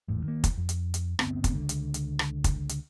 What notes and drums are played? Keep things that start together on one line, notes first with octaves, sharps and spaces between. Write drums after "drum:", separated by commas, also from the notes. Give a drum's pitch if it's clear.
G#1 E2 A2
D#3 A#3
drum: kick, hi-hat
F2
drum: hi-hat
drum: hi-hat
G1 D2 B3 C4, drum: rim click
drum: kick, hi-hat
C#2 D3
drum: hi-hat
drum: hi-hat
drum: rim click
drum: kick, hi-hat
drum: hi-hat